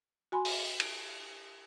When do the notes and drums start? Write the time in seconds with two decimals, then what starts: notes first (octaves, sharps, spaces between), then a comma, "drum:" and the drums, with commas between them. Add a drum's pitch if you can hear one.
0.32 F#4 G#5 B5 C6
0.45 drum: open hi-hat
0.80 drum: cymbal